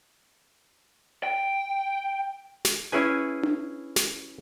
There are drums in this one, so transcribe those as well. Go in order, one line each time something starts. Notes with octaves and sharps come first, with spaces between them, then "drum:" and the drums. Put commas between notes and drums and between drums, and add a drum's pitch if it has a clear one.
G5
drum: snare
C#4 E4 G#4 B4 G#5
drum: tom D4
drum: snare